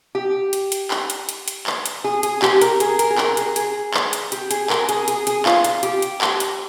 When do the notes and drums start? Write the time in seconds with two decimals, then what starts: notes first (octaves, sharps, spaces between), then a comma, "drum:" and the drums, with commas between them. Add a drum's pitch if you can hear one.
0.15 G4
0.53 drum: hi-hat
0.72 drum: hi-hat
0.91 drum: clap
1.10 drum: hi-hat
1.29 drum: hi-hat
1.48 drum: hi-hat
1.67 drum: clap
1.86 drum: hi-hat
2.04 G#4
2.23 G#4, drum: hi-hat
2.42 G4, drum: clap
2.61 A#4, drum: hi-hat
2.80 G#4, drum: hi-hat
2.99 A#4, drum: hi-hat
3.10 G#4
3.18 A#4, drum: clap
3.37 G#4, drum: hi-hat
3.56 G#4, drum: hi-hat
3.94 drum: clap
4.13 drum: hi-hat
4.32 G4, drum: hi-hat
4.51 G#4, drum: hi-hat
4.70 A#4, drum: clap
4.89 G#4, drum: hi-hat
5.08 G#4, drum: hi-hat
5.27 G#4, drum: hi-hat
5.46 F4, drum: clap
5.64 F4, drum: hi-hat
5.83 G4, drum: hi-hat
6.02 drum: hi-hat
6.21 drum: clap
6.40 drum: hi-hat